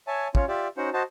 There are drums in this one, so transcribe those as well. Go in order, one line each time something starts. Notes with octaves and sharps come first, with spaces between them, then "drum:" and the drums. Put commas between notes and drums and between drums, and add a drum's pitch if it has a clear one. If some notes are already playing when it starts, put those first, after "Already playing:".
C#5 E5 G#5 A5
C#4 F4 C#5, drum: kick
F4 G4 D5 E5
C#4 D#4 F#4 C5 F#5
F#4 C5 D#5 A5